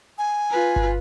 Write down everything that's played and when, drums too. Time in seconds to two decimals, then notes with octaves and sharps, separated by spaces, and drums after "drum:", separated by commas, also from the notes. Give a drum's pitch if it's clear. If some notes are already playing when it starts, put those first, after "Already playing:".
0.18 G#5
0.51 F4 B4
0.76 drum: kick G1